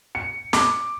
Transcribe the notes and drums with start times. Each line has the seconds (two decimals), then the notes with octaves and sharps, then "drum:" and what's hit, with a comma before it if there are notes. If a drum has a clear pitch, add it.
0.15 C#7
0.53 D6, drum: snare